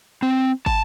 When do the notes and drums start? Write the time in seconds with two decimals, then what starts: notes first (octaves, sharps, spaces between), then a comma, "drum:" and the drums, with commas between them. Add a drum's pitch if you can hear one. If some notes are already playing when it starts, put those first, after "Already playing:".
0.23 C4
0.66 A5, drum: kick